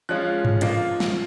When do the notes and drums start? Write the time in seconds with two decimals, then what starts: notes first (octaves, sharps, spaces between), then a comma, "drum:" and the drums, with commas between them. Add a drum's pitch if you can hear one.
0.09 F3 G#3 C#4 F4 F#6
0.45 drum: tom G#2
0.61 F3 A#3 F4, drum: hi-hat
1.00 drum: snare